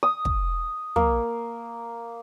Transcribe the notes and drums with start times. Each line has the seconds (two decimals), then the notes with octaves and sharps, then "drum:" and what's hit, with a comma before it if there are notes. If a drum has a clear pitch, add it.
0.03 D#6
0.25 drum: kick
0.96 A#3, drum: tom